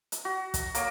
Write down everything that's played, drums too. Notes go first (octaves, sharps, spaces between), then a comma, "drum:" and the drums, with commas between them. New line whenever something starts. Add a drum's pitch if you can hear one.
drum: hi-hat
F#4
drum: kick, hi-hat
A#3 C#5 D6, drum: hi-hat